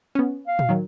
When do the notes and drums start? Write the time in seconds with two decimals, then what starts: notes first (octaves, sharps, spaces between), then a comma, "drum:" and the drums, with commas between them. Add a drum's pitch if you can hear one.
0.15 B3 C#4
0.47 F5
0.59 drum: tom
0.69 D#3 F#3